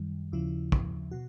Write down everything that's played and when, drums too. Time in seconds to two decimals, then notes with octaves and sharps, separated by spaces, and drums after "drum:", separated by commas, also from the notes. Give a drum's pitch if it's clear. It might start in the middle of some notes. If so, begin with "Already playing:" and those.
Already playing: F#2 D#3 G3
0.32 D#2 C#3 F3 E4
0.72 drum: kick
1.11 B2 F#4